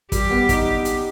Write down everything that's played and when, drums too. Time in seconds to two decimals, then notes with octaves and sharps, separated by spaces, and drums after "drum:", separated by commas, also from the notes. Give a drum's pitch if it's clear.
0.12 G3 G4, drum: kick, hi-hat
0.30 B3
0.49 D#4, drum: kick, hi-hat
0.85 drum: hi-hat